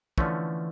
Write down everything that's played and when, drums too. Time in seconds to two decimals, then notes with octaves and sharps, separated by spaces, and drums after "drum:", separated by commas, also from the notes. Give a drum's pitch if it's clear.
0.18 D3 E3 F3 A3 C#4, drum: kick